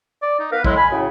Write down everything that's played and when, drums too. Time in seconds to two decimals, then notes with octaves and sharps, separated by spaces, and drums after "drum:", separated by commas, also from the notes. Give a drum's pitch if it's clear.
0.22 D5
0.40 D#4
0.52 B3 A#4 B4 F5
0.64 A2 F#3 G#3 E4, drum: kick
0.77 G#5 B5
0.90 F#2 A2 C#3